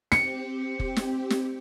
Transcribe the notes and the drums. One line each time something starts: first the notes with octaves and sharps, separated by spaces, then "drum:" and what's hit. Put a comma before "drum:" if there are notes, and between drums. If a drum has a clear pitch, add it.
C4 G4 C#7, drum: snare
drum: kick F1
drum: snare
drum: snare